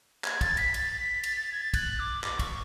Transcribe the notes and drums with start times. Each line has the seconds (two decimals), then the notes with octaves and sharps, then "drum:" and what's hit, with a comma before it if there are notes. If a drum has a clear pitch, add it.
0.24 G#6, drum: clap
0.41 A6, drum: kick, cymbal
0.57 B6, drum: cymbal
0.74 A6, drum: cymbal
0.99 B6
1.24 A6, drum: cymbal
1.36 A6
1.52 G#6
1.61 A6
1.74 F#6, drum: kick, cymbal
1.99 D6
2.24 D6, drum: clap
2.39 C#6, drum: kick, cymbal